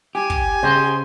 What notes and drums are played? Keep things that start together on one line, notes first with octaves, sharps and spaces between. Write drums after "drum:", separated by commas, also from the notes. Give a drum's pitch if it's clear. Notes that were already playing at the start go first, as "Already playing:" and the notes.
G4 G#5
drum: kick
C#3 C5 D#5 C6